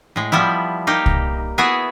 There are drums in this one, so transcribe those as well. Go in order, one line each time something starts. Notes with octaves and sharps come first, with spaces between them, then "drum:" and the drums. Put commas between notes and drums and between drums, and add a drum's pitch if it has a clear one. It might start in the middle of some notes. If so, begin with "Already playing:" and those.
A2 G#3
F3 G3 B3 E4
A#3 D#4 G4
drum: kick C2
B3 E4 F#4 G#4 B4